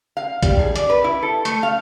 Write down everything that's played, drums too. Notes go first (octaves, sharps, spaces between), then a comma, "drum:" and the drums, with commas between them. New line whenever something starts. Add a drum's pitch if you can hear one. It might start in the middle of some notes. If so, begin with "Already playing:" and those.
F5
G3, drum: kick, hi-hat
G#4
D5, drum: hi-hat
B4
E4
A4
A3, drum: hi-hat
F5